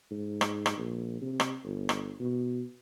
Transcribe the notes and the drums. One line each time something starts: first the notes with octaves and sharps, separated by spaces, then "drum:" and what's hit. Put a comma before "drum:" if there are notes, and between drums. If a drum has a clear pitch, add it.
G#2
drum: rim click
drum: rim click
A#1
C3
drum: rim click
G1
drum: rim click
B2